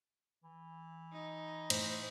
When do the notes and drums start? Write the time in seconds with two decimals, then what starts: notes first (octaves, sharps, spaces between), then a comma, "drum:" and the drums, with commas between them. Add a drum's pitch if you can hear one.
0.44 E3
1.13 D#4
1.70 A2 C5, drum: cymbal